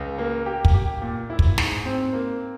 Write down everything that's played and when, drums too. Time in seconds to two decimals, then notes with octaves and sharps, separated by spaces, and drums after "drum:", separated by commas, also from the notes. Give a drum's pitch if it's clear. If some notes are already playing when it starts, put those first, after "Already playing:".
Already playing: C#2
0.18 A#3
0.46 G4
0.65 drum: kick
0.74 G4
1.02 A#2
1.30 E4
1.39 drum: kick
1.58 G#2, drum: snare
1.85 C4
2.13 A#3